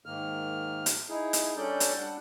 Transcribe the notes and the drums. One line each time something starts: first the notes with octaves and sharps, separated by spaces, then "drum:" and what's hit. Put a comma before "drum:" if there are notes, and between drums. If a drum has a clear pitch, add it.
G#2 D#3 A#3 F6
drum: hi-hat
D#4 E4 G#4
drum: hi-hat
G3 C#4 D4 A4 D5 G6
drum: hi-hat
G3 D4 F#5